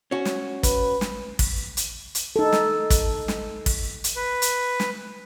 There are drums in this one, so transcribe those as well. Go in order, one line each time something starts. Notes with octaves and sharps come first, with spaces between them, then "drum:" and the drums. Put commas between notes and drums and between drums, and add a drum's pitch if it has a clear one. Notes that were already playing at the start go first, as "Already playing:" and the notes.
C#4 F#4
drum: snare
B4, drum: kick, hi-hat
drum: snare
drum: kick, open hi-hat
drum: hi-hat
drum: hi-hat
D#4 A4
drum: snare
drum: kick, hi-hat
drum: snare
drum: kick, open hi-hat
drum: hi-hat
B4
drum: hi-hat
drum: snare